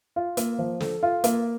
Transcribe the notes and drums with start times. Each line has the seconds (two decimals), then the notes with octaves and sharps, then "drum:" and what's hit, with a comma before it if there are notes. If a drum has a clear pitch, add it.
0.16 F4
0.37 A#3, drum: hi-hat
0.59 F3
0.80 A4, drum: snare
1.03 F4
1.24 A#3, drum: hi-hat